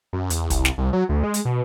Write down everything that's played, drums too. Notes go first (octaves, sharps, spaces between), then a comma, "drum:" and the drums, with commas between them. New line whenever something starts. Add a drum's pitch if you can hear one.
F#2
E2, drum: hi-hat
C2, drum: kick, hi-hat
drum: snare
C2
F#3
D2
G#3
drum: hi-hat
B2